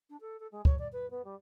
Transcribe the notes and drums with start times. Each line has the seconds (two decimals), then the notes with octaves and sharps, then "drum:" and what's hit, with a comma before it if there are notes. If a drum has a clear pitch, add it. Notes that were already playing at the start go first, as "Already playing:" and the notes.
0.09 D4
0.21 A4
0.40 A4
0.52 G#3
0.65 C#5, drum: kick
0.78 D5
0.92 B4
1.11 B3
1.24 G3